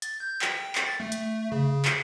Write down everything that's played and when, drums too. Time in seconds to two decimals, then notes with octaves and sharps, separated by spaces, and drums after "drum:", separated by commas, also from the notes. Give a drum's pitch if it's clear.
0.02 A6, drum: hi-hat
0.20 G6
0.42 G5, drum: clap
0.75 drum: clap
0.86 A6
1.00 A3
1.12 drum: hi-hat
1.52 C#3
1.85 drum: clap